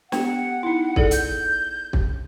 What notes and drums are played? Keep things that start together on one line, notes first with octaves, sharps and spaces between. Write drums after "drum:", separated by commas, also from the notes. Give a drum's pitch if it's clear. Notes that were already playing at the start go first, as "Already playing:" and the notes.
B3 G4 F#5 G5, drum: snare
D#4 E4
G#4 A4 D5, drum: kick
G6, drum: hi-hat
drum: kick